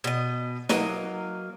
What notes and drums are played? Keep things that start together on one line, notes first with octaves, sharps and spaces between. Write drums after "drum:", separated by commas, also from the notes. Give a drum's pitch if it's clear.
B2 D#5
F#3 A#3 D#5, drum: snare